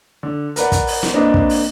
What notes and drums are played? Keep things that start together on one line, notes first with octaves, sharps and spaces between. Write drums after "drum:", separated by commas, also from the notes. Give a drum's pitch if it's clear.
D3
A#4 B4 D5 F#5, drum: hi-hat
drum: kick, hi-hat
drum: open hi-hat
drum: snare
A#3 C4 D4 B4 D#5
drum: kick
drum: open hi-hat